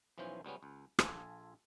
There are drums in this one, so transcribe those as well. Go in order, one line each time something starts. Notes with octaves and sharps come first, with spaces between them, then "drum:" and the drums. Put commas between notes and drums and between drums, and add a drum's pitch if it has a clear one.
B1 E3 F3 C#4 C5
C#2 G3 B3 C#4
C#2
A#1 F4 A4 G#5, drum: rim click